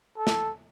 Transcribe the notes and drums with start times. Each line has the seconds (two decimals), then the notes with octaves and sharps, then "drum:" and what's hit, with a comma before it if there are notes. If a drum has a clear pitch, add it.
0.17 A4
0.27 drum: snare